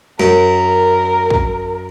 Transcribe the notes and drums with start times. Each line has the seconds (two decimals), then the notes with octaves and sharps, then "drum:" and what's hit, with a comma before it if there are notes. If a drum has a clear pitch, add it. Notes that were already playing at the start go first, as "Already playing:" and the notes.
0.20 F#2 A#4, drum: snare
1.30 drum: kick